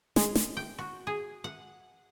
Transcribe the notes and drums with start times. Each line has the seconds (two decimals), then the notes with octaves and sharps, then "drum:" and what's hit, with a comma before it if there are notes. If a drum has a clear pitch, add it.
0.16 G#3, drum: snare
0.35 drum: snare
0.57 G5
0.78 F#4
1.07 G#4
1.44 F#5